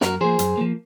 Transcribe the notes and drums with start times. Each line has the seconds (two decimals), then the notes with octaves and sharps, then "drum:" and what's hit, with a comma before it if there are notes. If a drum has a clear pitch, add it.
0.01 F#2 F#4 A#4, drum: snare
0.21 F3 A#3 G#4 C5
0.39 F#2, drum: hi-hat
0.57 F3 A#3